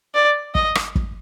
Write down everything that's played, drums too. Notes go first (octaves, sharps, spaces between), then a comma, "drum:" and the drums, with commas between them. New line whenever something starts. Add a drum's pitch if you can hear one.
D5
D#5, drum: kick
drum: rim click
drum: kick